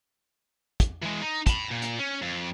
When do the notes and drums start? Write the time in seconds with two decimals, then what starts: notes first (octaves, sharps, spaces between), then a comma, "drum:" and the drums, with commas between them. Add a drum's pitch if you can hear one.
0.80 drum: kick, hi-hat
1.03 E3 G#3
1.22 D#4
1.47 A5 B5, drum: kick, hi-hat
1.71 A#2
1.82 drum: hi-hat
1.99 C#4
2.22 F2